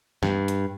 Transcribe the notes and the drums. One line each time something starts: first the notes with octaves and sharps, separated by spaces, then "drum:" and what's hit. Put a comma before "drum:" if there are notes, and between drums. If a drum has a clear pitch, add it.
G2, drum: snare
drum: hi-hat